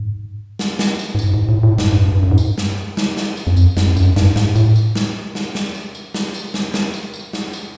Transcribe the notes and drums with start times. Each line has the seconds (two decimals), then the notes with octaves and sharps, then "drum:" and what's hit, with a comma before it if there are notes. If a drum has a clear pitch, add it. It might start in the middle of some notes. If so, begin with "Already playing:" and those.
Already playing: G#2
0.59 drum: snare
0.79 drum: snare
0.99 drum: tambourine
1.15 G#2
1.19 G2, drum: tambourine
1.34 G#2
1.49 A2
1.63 A2
1.78 G#2, drum: snare
1.93 G2
2.08 G2
2.23 F#2
2.31 G#2
2.38 G2, drum: tambourine
2.58 drum: snare
2.97 drum: snare
3.17 drum: snare
3.37 drum: tambourine
3.47 F2
3.57 F#2, drum: tambourine
3.77 F2, drum: snare
3.97 F#2, drum: tambourine
4.16 G2, drum: snare
4.36 G#2, drum: snare
4.56 A2, drum: tambourine
4.76 drum: tambourine
4.95 drum: snare
5.35 drum: snare
5.55 drum: snare
5.75 drum: tambourine
5.95 drum: tambourine
6.14 drum: snare
6.34 drum: tambourine
6.54 drum: snare
6.74 drum: snare
6.94 drum: tambourine
7.14 drum: tambourine
7.33 drum: snare
7.53 drum: tambourine